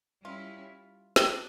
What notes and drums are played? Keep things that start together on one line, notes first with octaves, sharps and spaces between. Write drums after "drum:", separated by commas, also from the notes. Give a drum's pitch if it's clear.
G3 C#4 E4 F4
E4, drum: snare
D4